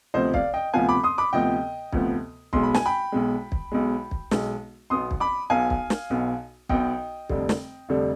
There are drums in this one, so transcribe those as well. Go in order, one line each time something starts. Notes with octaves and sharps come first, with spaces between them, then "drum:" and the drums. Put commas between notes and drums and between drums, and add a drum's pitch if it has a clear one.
D2 C3 F3 B3 C5 D#5
D5 F5, drum: kick
D#5 G5
D2 C3 F3 B3 F5 G#5
B5 D6
C6 D#6
B5 D6
D2 C3 F3 B3 D#5 G5
D2 C3 F3 B3, drum: kick
B1 B2 G#3 C6, drum: kick
B5
G#5, drum: snare
G5 B5
B1 B2 G#3
drum: kick
B1 B2 G#3
drum: kick
B1 B2 G#3, drum: snare
B1 B2 B3 C6 D#6
drum: kick
B5 D6
B1 B2 B3 F5 G#5
drum: kick
drum: snare
B1 B2 B3
B1 B2 B3 D#5 G5, drum: kick
F1 F2 D3 G3, drum: kick
drum: snare
F1 F2 D3 G3